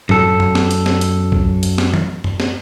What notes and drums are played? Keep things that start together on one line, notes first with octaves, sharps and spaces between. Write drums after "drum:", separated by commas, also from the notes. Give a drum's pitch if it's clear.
F#2 A4, drum: tom G#2
drum: tom F#2
drum: snare
drum: hi-hat
drum: snare
drum: hi-hat
drum: kick
drum: hi-hat
drum: snare
drum: tom
drum: tom F#2
drum: snare